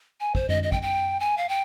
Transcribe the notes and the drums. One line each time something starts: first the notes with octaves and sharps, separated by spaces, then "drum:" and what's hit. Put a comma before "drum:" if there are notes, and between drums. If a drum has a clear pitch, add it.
G#5
C5, drum: kick
D#5, drum: tom F#2
D#5
G5, drum: kick
G5
G#5
F5
G5